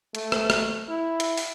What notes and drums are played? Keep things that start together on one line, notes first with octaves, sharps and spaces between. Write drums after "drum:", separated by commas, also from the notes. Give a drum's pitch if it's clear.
A3, drum: hi-hat
drum: rim click
drum: rim click
E4
drum: hi-hat
drum: open hi-hat